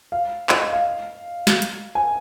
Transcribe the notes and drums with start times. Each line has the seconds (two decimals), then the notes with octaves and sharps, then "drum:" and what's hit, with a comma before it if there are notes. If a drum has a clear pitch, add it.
0.12 F5
0.49 D#5, drum: clap
0.61 D#5
0.73 F5
1.47 drum: snare
1.62 drum: hi-hat
1.95 G#5